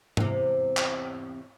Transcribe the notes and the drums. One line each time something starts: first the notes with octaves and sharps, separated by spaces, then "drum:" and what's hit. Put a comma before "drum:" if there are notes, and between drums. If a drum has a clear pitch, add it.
E2 C3, drum: tom G#2
drum: clap